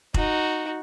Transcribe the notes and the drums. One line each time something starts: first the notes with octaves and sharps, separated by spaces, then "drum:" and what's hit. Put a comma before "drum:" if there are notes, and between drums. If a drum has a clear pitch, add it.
D#4 F#4, drum: kick F1